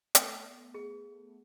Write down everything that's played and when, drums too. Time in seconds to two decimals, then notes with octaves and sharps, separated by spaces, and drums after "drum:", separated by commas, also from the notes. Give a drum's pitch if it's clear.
0.15 A3 B3, drum: hi-hat
0.74 G#4